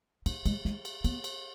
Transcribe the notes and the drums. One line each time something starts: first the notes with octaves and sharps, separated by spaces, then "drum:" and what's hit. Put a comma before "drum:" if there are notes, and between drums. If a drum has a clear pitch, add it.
D#4, drum: cymbal
G#3, drum: cymbal
G#3, drum: snare
drum: cymbal
B3, drum: cymbal
drum: cymbal